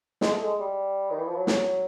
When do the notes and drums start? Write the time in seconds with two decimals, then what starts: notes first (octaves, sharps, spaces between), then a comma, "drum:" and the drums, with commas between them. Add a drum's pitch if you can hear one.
0.21 G#3, drum: snare
0.33 A3
0.43 G#3
0.60 G3
1.11 D#3
1.19 E3
1.28 F3
1.36 F#3
1.47 drum: snare